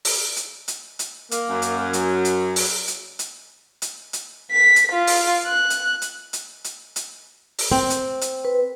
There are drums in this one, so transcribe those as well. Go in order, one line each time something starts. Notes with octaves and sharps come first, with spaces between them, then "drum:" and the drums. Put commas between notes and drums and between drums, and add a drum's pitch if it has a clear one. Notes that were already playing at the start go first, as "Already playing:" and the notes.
drum: open hi-hat
drum: hi-hat
drum: hi-hat
drum: hi-hat
A#3, drum: hi-hat
F#2
drum: hi-hat
F#3, drum: hi-hat
drum: hi-hat
drum: open hi-hat
drum: hi-hat
drum: hi-hat
drum: hi-hat
drum: hi-hat
B6
drum: hi-hat
F4
drum: open hi-hat
F#6
drum: hi-hat
drum: hi-hat
drum: hi-hat
drum: hi-hat
drum: hi-hat
drum: open hi-hat
C4
drum: hi-hat
drum: hi-hat
B4